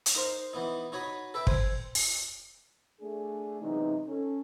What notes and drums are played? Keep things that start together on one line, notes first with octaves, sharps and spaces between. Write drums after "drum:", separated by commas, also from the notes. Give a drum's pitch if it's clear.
drum: hi-hat
D#4 A#4 C5 F5
E3 B3 D#4
D#4 F#4 C#5 B5 D#6
A4 B4 E5 G5
C5 G#5, drum: kick
drum: open hi-hat
A3 D4 G#4
C3 E3 F#3 G#3 B3 D#4
C#4 A4